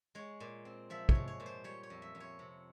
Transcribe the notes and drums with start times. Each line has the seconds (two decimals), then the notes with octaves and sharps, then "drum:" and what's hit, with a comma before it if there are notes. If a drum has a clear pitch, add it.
0.15 G#3 C#5
0.40 A#2
0.65 C4
0.90 F3 E5
1.09 C#5, drum: kick
1.15 G#3
1.28 C#5
1.40 A#2
1.46 C5
1.64 G3 C#5
1.83 C#5
1.90 F2
2.02 E5
2.15 F2
2.20 C#5
2.39 C3